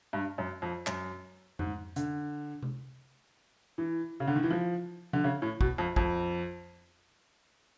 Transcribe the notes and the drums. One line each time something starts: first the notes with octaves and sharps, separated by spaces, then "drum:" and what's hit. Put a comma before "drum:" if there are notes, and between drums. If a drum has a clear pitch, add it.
G2
F#2
F2
F#2, drum: clap
G#2, drum: tom F2
D3, drum: hi-hat
drum: tom C3
E3
C#3
D3
D#3
E3
F3
D3, drum: tom F3
C#3
A2
B2, drum: kick
F2
F2, drum: kick